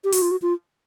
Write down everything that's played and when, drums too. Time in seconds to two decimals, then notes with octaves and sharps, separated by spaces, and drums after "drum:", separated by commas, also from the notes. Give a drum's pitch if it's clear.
0.04 G4
0.13 F#4, drum: open hi-hat
0.22 F4
0.31 F#4
0.42 F4